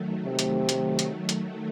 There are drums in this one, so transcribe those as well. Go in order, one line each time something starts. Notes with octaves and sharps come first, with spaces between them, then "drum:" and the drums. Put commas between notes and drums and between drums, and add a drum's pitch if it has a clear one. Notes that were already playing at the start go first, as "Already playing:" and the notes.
Already playing: D#3 F#3 A3
C3
drum: hi-hat
drum: hi-hat
drum: hi-hat
drum: hi-hat